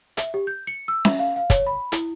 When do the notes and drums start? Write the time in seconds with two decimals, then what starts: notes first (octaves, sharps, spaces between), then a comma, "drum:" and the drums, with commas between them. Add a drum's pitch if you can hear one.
0.17 E5, drum: hi-hat
0.34 G4
0.47 G6
0.67 C#7
0.88 E6
1.05 E5, drum: snare C#4
1.19 F5
1.36 F5
1.50 C#5, drum: kick, hi-hat
1.67 B5
1.92 E4, drum: hi-hat